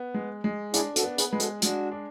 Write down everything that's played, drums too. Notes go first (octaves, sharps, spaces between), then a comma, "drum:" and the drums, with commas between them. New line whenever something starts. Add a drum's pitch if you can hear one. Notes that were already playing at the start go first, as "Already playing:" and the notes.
Already playing: B3
G#3
G#3
D4 E4 G#4, drum: hi-hat
F#4 A4, drum: hi-hat
B3
G#4 B4, drum: hi-hat
G#3 B4
F#4 A4, drum: hi-hat
G#3 D4 F#4, drum: hi-hat
D4